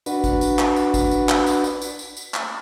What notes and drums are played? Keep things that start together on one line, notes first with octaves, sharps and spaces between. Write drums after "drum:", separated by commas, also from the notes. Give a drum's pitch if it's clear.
D4 F#4 B4, drum: tambourine
drum: kick G#1, tambourine
drum: tambourine
drum: clap
drum: tambourine
drum: kick G#1, tambourine
drum: tambourine
drum: clap
drum: tambourine
drum: tambourine
drum: tambourine
drum: tambourine
drum: tambourine
drum: clap